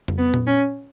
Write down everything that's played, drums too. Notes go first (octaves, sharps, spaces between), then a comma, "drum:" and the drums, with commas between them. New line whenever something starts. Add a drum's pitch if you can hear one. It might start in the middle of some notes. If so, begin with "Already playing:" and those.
drum: tom F2
B3
drum: tom A#2
C#4